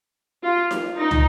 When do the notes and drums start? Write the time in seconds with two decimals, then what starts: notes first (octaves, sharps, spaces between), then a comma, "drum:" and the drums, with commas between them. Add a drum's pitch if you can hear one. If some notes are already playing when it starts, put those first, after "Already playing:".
0.44 F4
0.71 drum: snare D#4
0.97 D#4
1.11 drum: tom